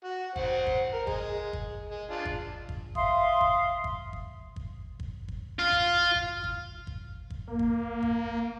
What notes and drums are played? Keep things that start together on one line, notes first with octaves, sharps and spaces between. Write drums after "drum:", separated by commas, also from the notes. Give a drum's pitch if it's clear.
F#4
C4 F#5, drum: kick G1
drum: kick G1
A#4
G#3, drum: kick G1
drum: kick G1
G#3
D4 F4
drum: kick G1
drum: kick G1
E5 F5 C6 D#6, drum: kick G1
drum: kick G1
drum: kick G1
drum: kick G1
drum: kick G1
drum: kick G1
drum: kick G1
F4
drum: kick G1
drum: kick G1
drum: kick G1
drum: kick G1
drum: kick G1
A#3
drum: kick G1
drum: kick G1